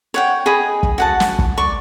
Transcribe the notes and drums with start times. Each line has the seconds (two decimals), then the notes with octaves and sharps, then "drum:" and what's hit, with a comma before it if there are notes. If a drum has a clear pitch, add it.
0.14 C#5 F#5 G5
0.46 G#4 D#5 B5 D#6
0.83 drum: kick
0.98 F#4 F#5 A5
1.20 drum: snare
1.39 drum: kick
1.57 D5 C#6